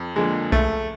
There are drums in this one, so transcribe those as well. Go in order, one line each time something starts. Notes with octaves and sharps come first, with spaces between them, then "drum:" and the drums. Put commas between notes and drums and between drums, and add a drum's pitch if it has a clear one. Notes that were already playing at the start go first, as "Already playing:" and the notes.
Already playing: F2
D3 F3 G#3 A#3
C#2 A3, drum: kick B1